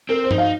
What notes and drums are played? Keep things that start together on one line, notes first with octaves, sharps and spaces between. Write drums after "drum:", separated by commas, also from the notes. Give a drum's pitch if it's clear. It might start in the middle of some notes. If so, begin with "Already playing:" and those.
C4 A#4
C5
D#4, drum: tom G2
F5